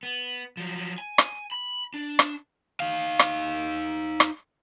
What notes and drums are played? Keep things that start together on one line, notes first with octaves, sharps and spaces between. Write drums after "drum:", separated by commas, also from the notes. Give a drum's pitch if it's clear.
B3
F3 F#3
G#5
drum: rim click
B5
D4
drum: rim click
D#4 F5
drum: rim click
drum: rim click